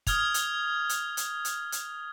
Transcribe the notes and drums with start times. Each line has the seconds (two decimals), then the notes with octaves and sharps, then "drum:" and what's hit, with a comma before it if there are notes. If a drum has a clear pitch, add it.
0.07 D#6 F6 G#6 F7, drum: kick, hi-hat
0.34 drum: hi-hat
0.89 drum: hi-hat
1.17 drum: hi-hat
1.45 drum: hi-hat
1.72 drum: hi-hat